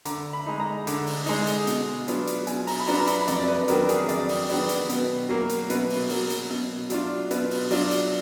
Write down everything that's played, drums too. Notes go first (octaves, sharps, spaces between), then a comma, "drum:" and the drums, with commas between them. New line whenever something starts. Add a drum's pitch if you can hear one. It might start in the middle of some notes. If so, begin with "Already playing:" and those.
D3 A#5, drum: hi-hat
B5
G#3 D#4
A#5
D3, drum: hi-hat
drum: open hi-hat
G#3 D#4, drum: open hi-hat
drum: hi-hat
B2, drum: hi-hat
F#3 B3 D4 F4, drum: hi-hat
drum: hi-hat
B2 G#5, drum: hi-hat
A#5, drum: open hi-hat
B5
F#3 B3 D4 F4 A#5, drum: open hi-hat
A#5
B5, drum: hi-hat
F2 D5, drum: hi-hat
B4
D#3 F#3 B3 D4 A#4, drum: hi-hat
G#4, drum: hi-hat
F2 D5, drum: hi-hat
drum: open hi-hat
D#3 F#3 B3 D4, drum: open hi-hat
drum: hi-hat
B2 B4, drum: hi-hat
F#3 A#3
drum: hi-hat
B2 B4, drum: hi-hat
drum: open hi-hat
F#3 A#3, drum: open hi-hat
drum: hi-hat
B2
F#3 D4 F4, drum: hi-hat
B2 B4, drum: hi-hat
drum: open hi-hat
F#3 D4 F4, drum: open hi-hat
drum: hi-hat